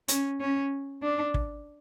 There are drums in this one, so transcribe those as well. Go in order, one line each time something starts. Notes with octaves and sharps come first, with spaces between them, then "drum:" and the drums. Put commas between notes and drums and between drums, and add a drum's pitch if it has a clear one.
C#4, drum: hi-hat
C#4
D4
drum: kick